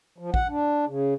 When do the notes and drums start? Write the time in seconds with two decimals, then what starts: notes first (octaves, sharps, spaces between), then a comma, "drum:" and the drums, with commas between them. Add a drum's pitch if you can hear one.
0.18 F3
0.34 F#5, drum: kick
0.49 D4
0.87 C#3